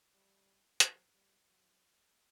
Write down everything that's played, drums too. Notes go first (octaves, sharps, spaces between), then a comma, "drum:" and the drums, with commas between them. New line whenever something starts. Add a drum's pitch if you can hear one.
G3
F#3, drum: hi-hat
G3
F#3